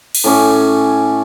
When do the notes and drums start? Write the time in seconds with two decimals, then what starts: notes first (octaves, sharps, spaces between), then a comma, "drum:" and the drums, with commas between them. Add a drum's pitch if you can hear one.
0.15 drum: cymbal
0.24 A2 C#4 D6